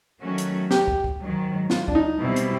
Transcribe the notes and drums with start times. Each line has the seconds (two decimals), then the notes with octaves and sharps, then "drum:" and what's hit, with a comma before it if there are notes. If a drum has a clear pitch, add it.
0.22 D#3 F#3 A3 C#4 F#4
0.38 drum: hi-hat
0.71 G4, drum: snare
0.88 drum: kick
1.04 drum: kick
1.21 G#2 D#3 F#3
1.70 F4, drum: snare
1.88 D4, drum: kick
1.95 D#4
2.20 B2 G3 C4 E4
2.36 drum: hi-hat